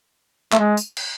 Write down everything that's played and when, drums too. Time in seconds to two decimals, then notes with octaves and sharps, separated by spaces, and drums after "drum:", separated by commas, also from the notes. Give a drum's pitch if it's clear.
0.52 A3, drum: clap
0.59 G#3
0.77 drum: tambourine
0.97 drum: cymbal